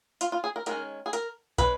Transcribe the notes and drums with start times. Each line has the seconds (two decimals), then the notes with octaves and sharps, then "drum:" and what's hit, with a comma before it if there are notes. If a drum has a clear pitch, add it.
0.21 F4, drum: hi-hat
0.32 F4
0.44 G#4
0.56 A#4
0.66 D#3 G#3 C#4 A#4, drum: hi-hat
1.06 G#4
1.13 A#4, drum: hi-hat
1.58 G#3 C#4 B4, drum: kick, hi-hat